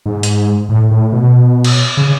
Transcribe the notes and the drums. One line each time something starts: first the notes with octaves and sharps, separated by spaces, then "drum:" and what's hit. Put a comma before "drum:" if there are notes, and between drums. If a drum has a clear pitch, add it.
G#2
drum: hi-hat
A2
A2
B2
drum: cymbal
C#3